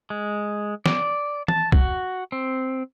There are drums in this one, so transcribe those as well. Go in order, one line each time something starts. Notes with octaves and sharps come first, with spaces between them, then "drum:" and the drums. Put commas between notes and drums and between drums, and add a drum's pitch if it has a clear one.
G#3
D5, drum: snare
A5, drum: tom E3
F#4, drum: kick
C4